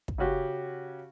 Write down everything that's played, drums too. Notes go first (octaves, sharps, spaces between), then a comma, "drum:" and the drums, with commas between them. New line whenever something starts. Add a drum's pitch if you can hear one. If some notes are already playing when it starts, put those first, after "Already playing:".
drum: kick
C#3 C#4 F#4 G4